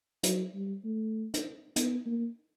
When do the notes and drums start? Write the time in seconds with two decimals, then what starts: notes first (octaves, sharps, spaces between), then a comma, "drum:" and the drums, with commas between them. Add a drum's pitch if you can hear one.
0.23 F#3, drum: hi-hat
0.54 G3
0.84 A3
1.34 drum: hi-hat
1.76 B3, drum: hi-hat
2.06 A#3